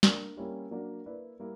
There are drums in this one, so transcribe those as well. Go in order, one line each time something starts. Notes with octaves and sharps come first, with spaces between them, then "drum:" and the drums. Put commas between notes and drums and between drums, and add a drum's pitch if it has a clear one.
A#3 D4 A#4 D5, drum: snare
G3 A#3 C#4 E4 G4
F#3 A#3 D4
A#3 E4 B4 D5
G3 A#3 E4